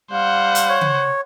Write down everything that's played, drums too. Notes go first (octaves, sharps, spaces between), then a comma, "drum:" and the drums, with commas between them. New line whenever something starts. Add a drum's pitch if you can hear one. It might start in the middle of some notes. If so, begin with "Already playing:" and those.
G3 C5 F5 F#5
drum: hi-hat
C#5
drum: tom C#3